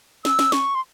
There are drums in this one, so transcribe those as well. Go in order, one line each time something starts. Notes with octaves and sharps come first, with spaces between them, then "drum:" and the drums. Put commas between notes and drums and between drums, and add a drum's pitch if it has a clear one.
E6, drum: snare
drum: snare
C#6, drum: snare
C6